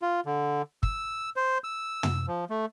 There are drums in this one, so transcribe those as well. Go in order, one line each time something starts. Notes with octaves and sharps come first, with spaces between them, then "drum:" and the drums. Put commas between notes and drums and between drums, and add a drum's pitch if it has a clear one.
F4
D3
E6, drum: kick
C5
E6
drum: tom
F3
A3